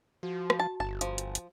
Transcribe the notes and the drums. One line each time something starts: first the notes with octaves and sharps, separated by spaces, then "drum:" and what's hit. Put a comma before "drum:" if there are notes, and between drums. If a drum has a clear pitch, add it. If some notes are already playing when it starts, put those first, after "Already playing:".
F3 F#4
drum: rim click
A5
G1 A5
F3, drum: hi-hat
drum: hi-hat
drum: hi-hat